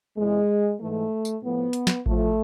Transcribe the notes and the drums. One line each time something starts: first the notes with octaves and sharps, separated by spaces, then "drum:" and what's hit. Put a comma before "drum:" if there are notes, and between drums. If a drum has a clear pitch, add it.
E2 C3 E3 G#3
G#2 E3 A3
drum: tambourine
A2 F3 B3
drum: hi-hat
drum: snare
A2 F3 A3, drum: kick A1